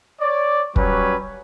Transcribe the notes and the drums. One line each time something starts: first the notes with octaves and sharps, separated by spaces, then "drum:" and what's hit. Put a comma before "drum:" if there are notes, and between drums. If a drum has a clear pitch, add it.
C#5 D5
F#3 G3 C#4 B4 C#5, drum: kick